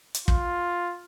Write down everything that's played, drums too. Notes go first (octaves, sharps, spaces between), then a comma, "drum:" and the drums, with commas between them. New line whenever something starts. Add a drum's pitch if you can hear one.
drum: hi-hat
F4, drum: kick